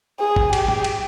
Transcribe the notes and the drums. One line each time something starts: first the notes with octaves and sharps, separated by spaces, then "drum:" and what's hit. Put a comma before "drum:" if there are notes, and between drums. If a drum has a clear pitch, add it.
G#4
drum: kick
G4, drum: cymbal
drum: tom
drum: cymbal